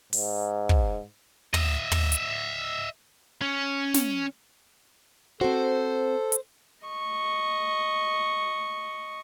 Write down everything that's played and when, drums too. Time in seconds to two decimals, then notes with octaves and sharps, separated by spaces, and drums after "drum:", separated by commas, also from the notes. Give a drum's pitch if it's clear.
0.13 G#2, drum: open hi-hat
0.69 drum: kick
1.54 D#5 E5, drum: tom
1.92 drum: tom
2.12 drum: hi-hat
3.41 C#4
3.94 drum: snare
5.41 C4 F#4 A4 C5
6.32 drum: hi-hat
6.85 D#5 C#6